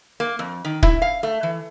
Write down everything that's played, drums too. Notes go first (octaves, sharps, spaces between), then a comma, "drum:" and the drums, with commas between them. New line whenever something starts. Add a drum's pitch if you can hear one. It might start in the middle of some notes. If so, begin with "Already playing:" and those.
A#3
F2
D#3
E4, drum: kick
F5
A3
E3